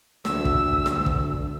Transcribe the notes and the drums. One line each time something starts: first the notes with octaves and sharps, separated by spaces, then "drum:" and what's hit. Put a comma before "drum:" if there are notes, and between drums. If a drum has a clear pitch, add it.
D2 E6, drum: snare
drum: kick
drum: snare
drum: kick